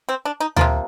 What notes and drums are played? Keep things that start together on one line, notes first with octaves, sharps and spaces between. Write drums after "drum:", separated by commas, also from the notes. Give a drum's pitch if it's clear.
C4
D4
D#4
C3 F3 A#3 F4, drum: tom D2